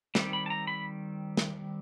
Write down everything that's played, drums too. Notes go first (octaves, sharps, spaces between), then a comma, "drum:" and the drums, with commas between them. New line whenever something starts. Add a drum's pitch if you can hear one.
D#3 G3 C4, drum: snare
B5
A5
A#5
B5
drum: snare